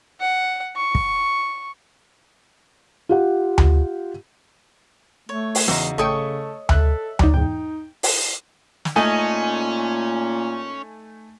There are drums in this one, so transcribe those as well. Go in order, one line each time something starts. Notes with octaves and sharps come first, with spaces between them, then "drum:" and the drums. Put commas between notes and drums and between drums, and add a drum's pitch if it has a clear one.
F#5
C#6
drum: kick
F4 G4 F#5
drum: tom D2
A3 C#5
drum: open hi-hat
E2 C#3 D#4 F#4, drum: rim click
A1 A3 C#5 D#5 G5 C#6
A4 E5 F#6, drum: tom D2
F#3 D#4 D5, drum: tom D2
E2 G#2 B2 D#4 G5
drum: open hi-hat
drum: snare
A#2 A3 C#4 D#4 D#5 G#5